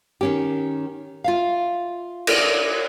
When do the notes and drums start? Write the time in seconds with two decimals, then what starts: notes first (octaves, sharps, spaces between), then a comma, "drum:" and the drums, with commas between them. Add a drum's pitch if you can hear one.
0.21 D#3 C#4 G4
1.24 F4 E5 F5
2.27 drum: cymbal